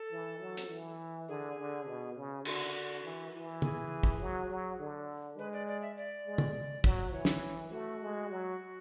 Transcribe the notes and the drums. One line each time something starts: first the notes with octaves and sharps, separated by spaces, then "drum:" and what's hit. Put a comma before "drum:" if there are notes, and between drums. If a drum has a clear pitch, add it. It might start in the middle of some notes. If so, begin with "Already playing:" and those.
Already playing: A4
E3
F#3
drum: hi-hat
E3
D3 G#4
D3
B2
C#3
D3 F#4, drum: cymbal
E3
E3
G#4, drum: tom
drum: kick
F#3
F#3
D3
G#3 B4
D5
D5
E5
D5
G#3
drum: tom
F#3, drum: kick
E3 C#5
drum: snare
A3 F#4
G#3
F#3